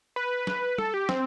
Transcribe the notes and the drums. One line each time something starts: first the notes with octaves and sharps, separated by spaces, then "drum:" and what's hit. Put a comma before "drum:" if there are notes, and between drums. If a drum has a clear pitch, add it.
B4
drum: snare
A4, drum: tom
G4
C4, drum: snare